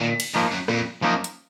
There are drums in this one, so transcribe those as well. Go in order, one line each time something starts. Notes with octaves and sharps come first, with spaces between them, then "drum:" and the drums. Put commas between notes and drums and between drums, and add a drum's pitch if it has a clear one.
A#2 D#3
drum: cymbal
G#2 F3 A#3 D#4
F#2
F2 A#2, drum: rim click
F#2 F3 A#3 D#4
drum: hi-hat